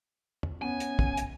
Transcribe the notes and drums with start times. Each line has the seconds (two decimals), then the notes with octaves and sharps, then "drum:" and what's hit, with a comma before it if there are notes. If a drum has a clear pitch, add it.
0.43 drum: tom
0.62 B3 C#4 G#5
0.80 drum: hi-hat
0.99 drum: kick
1.17 drum: hi-hat